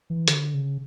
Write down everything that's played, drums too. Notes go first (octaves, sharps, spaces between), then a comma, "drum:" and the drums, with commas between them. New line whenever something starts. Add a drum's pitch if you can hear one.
E3
D3, drum: hi-hat
C#3